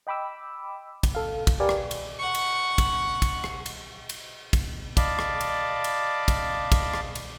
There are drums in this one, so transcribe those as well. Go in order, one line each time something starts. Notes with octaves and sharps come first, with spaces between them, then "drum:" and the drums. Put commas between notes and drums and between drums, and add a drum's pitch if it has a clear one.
D#5 G5 B5 D6 E6
drum: kick, cymbal
A4 F5
drum: kick, cymbal
G4 A#4 B4 D5 F5 G#5
drum: rim click
drum: cymbal
F#5 C#6
drum: cymbal
drum: kick, cymbal
drum: kick, cymbal
drum: rim click
drum: cymbal
drum: cymbal
drum: kick, cymbal
D5 D#5 F5 A5 B5 D6, drum: kick, cymbal
drum: rim click
drum: cymbal
drum: cymbal
drum: kick, cymbal
drum: kick, cymbal
drum: rim click
drum: cymbal